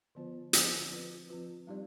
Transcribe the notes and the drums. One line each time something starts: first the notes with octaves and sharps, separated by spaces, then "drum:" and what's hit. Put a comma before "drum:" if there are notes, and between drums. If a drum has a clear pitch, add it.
D3 F3 B3 F4 C5
D3 F3 B3 F4 C5, drum: hi-hat
F3 C4 F4 B4
F3 C4 F4 B4
G3 C4 D#4 G4 D5